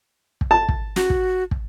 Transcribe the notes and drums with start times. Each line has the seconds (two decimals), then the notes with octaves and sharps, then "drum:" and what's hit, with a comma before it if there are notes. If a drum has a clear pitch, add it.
0.41 drum: kick
0.51 A5
0.69 drum: kick
0.96 F#4, drum: snare
1.10 drum: kick
1.51 drum: kick